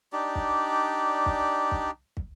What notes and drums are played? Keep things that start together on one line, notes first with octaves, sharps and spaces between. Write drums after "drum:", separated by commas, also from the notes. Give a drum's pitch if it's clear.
D4 D#4 G4 D5
drum: kick
drum: kick
drum: kick
drum: kick